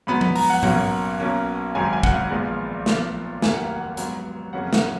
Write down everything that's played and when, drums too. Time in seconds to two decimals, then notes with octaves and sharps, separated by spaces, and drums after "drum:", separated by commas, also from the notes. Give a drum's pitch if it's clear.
0.07 G#2 F#3 B3 B5
0.21 B5, drum: tom F3
0.36 A#5, drum: open hi-hat
0.50 F#5
0.63 B1 B2 F#3 A#3 C#4 F#5, drum: tom G#2
1.20 B1 B2 A#3 C#4
1.75 G#1 G#2 D#3 F#3 G#5
1.93 G#5
2.03 F#5, drum: kick
2.12 F5
2.30 A#1 A#2 G#3 B3
2.86 B1 A#2 F3 B3, drum: snare
3.42 F1 D#2 D#3 F#3 A#3 G#5, drum: snare
3.53 F#5
3.63 F5
3.75 F#5
3.97 G#2 F#3 B3, drum: hi-hat
4.53 F2 C#3 F#3 A#3 C#4 F#5
4.73 F#5, drum: snare